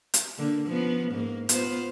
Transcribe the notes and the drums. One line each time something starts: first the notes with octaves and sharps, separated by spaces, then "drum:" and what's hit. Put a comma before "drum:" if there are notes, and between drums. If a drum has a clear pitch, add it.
drum: hi-hat
D3 A#3
F3 B3 C#4
G#2 A#3
B3 F4 C5, drum: hi-hat